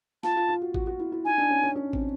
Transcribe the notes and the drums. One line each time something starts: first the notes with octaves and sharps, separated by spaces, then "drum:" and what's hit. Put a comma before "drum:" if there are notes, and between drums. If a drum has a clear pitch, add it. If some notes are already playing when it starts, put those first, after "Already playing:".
F4 A5, drum: snare
F4
F4
F#4
F#4, drum: kick G#1
F#4
E4
E4
D#4 G#5
D4
C#4
C#4
C#4
C4, drum: kick G#1